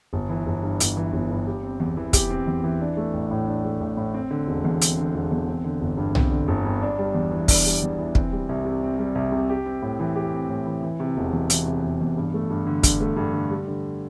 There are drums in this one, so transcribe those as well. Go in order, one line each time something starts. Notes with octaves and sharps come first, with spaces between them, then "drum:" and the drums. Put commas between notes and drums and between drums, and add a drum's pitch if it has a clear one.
G1
E3
G1
G2
G1, drum: hi-hat
E3
G1
G2
G4
C4
E2
E3
G4, drum: kick, hi-hat
C4
E2
E3
D4
A3
A1
A2
D4
A3
A1
A2
C4
D3
E1
E2
C4, drum: hi-hat
D3
E1
E2
C4
D3
G1
G2
C4, drum: tom B1
D3
G1
G2
D4
G3
E2
E3
D4, drum: kick, open hi-hat
G3
E2
E3
C4, drum: kick
G3
C2
C3
C4
G3
C2
C3
G4
C4
A2
E3
G4
C4
A2
E3
E3
C3
E1
E2
E3, drum: hi-hat
C3
E1
E2
G2
A3
G2
D3
G2, drum: kick, hi-hat
A3
G2
D3
G3
D3